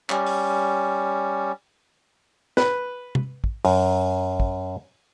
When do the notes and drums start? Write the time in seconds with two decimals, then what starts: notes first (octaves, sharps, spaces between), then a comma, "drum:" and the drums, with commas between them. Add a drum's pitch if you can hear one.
0.10 G3 C#4, drum: clap
0.26 drum: open hi-hat
2.57 B4, drum: snare
3.15 drum: tom C3
3.44 drum: kick
3.65 F#2, drum: open hi-hat
4.40 drum: kick